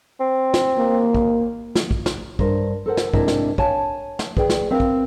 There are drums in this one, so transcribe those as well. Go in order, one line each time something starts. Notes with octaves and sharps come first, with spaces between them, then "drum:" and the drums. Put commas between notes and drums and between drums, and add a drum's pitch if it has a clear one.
C4
drum: snare
A#3
drum: kick
drum: snare
drum: kick
drum: snare
G2 A#4 C5, drum: kick
A4 A#4 C5 F#5
drum: snare
G#2 C3 D4 E4 A#4 E5, drum: kick
drum: snare
C#5 F5 G#5 A5, drum: kick
drum: snare
G#4 B4 D5 G5, drum: kick
drum: snare
C4 A#4 E5 F5
drum: kick